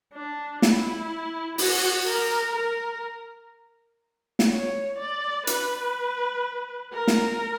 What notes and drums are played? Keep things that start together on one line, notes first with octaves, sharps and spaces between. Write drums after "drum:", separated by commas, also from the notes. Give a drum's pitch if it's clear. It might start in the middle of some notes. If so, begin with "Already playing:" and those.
D4
E4, drum: snare
F#4, drum: open hi-hat
A#4
A#4
drum: snare
C#5
D5
B4, drum: hi-hat
A#4
drum: snare